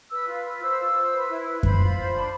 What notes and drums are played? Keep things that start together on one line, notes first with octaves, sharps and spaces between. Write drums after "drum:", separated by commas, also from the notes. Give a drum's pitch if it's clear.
B4 E6
F4
B4
C5 E6
F4
C5
B4
E4
B4
C5 B5, drum: kick F#2
F4
C5
D4